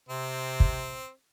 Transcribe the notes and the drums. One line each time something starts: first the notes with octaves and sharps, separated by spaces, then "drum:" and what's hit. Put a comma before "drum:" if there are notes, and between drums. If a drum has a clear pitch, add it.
C3 C4
drum: kick